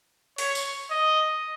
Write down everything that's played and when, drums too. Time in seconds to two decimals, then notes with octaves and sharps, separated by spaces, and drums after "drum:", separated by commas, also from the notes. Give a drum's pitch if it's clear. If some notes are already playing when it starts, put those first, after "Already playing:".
0.38 C#5, drum: open hi-hat
0.55 drum: tambourine
0.90 D#5